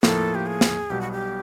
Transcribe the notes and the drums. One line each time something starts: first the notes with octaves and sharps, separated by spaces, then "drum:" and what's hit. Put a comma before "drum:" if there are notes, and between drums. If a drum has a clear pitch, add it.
A2 F3 A#3 A4, drum: snare
G4
G#4
drum: snare
B1 B2 G3 B3 G4
F#4
G4